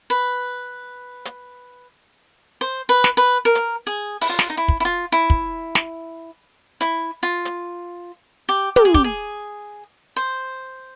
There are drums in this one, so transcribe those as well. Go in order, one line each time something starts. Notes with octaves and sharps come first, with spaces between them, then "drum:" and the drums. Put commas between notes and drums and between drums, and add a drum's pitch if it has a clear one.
B4
drum: hi-hat
C5
B4
drum: snare
B4
A#4
drum: hi-hat
G#4
E4, drum: open hi-hat
F4
drum: snare
D#4
E4
drum: kick
E4
F4
E4
drum: kick
drum: snare
E4, drum: hi-hat
F4
drum: hi-hat
G4
G4, drum: tom
G#4
G4, drum: kick
G#4
C5